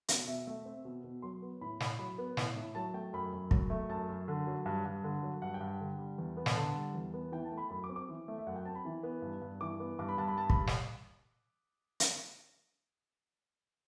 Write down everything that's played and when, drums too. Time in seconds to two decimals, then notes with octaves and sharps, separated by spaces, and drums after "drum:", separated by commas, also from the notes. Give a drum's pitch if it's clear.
0.08 B2, drum: hi-hat
0.28 B2 E5
0.47 A3 E5
0.65 C4
0.85 B2
1.04 B2
1.22 F#3 C6
1.42 B3
1.61 A2 B5
1.80 A2 B5, drum: snare
1.99 F#3 B5
2.18 B3
2.37 A2, drum: snare
2.56 A2
2.75 F#3 A5
2.94 A3 G5
3.13 F#2 B5
3.33 F#2
3.51 F#3, drum: kick
3.70 A3
3.89 F#2 A5
4.09 F#2
4.28 D3
4.47 F#3
4.66 G2
4.85 G2
5.04 D3
5.23 F#3
5.42 G2 F#5
5.54 G5
5.61 G2
5.68 G5
5.80 D3
5.99 G3
6.18 E2
6.37 B3
6.46 drum: snare
6.56 D3 A5
6.75 G3
6.94 E2
7.14 B3
7.32 E3 G5
7.45 A5
7.52 A3
7.58 B5
7.70 F#2 B5
7.84 D6
7.89 C4
7.96 D6
8.09 E3
8.28 A3
8.38 E5
8.47 F#2 F#5
8.56 G5
8.65 C4 A5
8.75 B5
8.85 E3
9.03 B3
9.22 G2
9.41 G2
9.61 E3 D6
9.80 B3
9.99 G2 D6
10.09 B5
10.18 G2 A5
10.28 B5
10.36 G3 A5
10.50 B5, drum: kick
10.67 drum: snare
12.00 drum: hi-hat